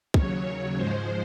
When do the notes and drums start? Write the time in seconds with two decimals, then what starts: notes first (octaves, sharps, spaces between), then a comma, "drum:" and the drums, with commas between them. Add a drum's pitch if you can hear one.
0.14 D#2 C#3 F#3 C#5, drum: kick
0.76 G#2 F3 G#3 C5